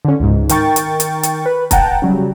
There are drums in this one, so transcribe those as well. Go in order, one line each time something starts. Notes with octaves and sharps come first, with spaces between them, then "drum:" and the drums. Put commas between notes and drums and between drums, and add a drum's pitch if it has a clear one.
D3 C#4
C#2 G#2
D#3 A#4 G5 C#6 A6, drum: hi-hat
drum: hi-hat
drum: hi-hat
drum: hi-hat
B4
F#5 G5 A5 A#5, drum: kick, hi-hat
C#3 F#3 G3